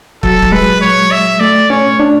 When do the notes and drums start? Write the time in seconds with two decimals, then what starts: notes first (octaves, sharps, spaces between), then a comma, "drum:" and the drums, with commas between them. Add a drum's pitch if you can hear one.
0.23 F#3 A4, drum: kick
0.42 drum: kick
0.52 G#3 B4
0.81 C#5
1.11 E5
1.40 A3 D5
1.70 C#4 C#5
2.00 D4